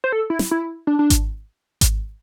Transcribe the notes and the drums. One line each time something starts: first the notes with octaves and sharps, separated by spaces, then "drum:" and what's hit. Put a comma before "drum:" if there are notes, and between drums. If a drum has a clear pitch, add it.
C5
A4
E4
drum: snare
E4
D4
D4
drum: kick G#1, hi-hat
drum: kick G#1, hi-hat